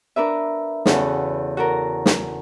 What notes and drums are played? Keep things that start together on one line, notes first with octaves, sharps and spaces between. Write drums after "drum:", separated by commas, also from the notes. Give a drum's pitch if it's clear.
D4 A#4 B4 E5
E2 C#3 F#4 A4 B4, drum: snare
F#4 A4 A#4
drum: snare